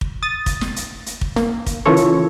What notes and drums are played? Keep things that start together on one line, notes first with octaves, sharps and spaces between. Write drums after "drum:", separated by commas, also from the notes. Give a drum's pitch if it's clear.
drum: kick
D#6 A6
drum: kick, hi-hat
drum: snare
drum: hi-hat
drum: hi-hat
drum: kick
A#3, drum: snare
drum: kick, hi-hat
C#3 E3 A#3 F4 A4 C#5
drum: hi-hat